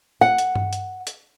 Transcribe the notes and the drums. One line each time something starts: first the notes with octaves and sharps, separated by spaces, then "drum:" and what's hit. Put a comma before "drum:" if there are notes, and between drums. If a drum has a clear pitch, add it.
F#5
drum: hi-hat
drum: tom G2
drum: hi-hat
drum: hi-hat